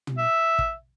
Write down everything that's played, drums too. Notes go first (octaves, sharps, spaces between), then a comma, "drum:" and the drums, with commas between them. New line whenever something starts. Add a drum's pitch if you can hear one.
drum: tom
E5
drum: kick